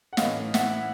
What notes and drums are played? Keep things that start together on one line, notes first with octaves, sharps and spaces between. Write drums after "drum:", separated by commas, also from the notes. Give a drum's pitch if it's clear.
F#5
A2 E3 A3 C#4 D#5 F5, drum: snare
E5 F#5, drum: snare